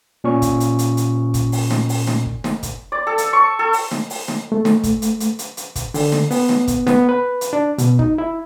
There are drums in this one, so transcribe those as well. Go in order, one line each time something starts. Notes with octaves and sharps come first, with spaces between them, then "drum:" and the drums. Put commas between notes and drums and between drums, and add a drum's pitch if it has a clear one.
A#2 C#4 C#6
drum: kick, hi-hat
drum: hi-hat
drum: hi-hat
drum: hi-hat
drum: kick, hi-hat
drum: open hi-hat
drum: snare
drum: open hi-hat
drum: snare
drum: kick
drum: snare
drum: kick, hi-hat
D5
A4
drum: hi-hat
C#6
A4
drum: open hi-hat
drum: snare
drum: open hi-hat
drum: snare
A3
drum: snare
drum: kick, hi-hat
drum: hi-hat
drum: hi-hat
drum: hi-hat
drum: hi-hat
drum: kick, hi-hat
D3, drum: open hi-hat
drum: snare
B3, drum: open hi-hat
drum: snare
drum: kick, hi-hat
B3, drum: snare
B4
drum: hi-hat
D4
B2, drum: hi-hat
D#4, drum: kick
E4